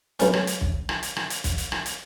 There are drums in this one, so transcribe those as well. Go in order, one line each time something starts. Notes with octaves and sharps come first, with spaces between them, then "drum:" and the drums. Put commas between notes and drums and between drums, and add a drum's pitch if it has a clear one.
B1 C#4, drum: hi-hat
drum: rim click
drum: hi-hat
drum: kick
drum: rim click
drum: hi-hat
drum: rim click
drum: hi-hat
drum: kick, hi-hat
drum: hi-hat
drum: rim click
drum: hi-hat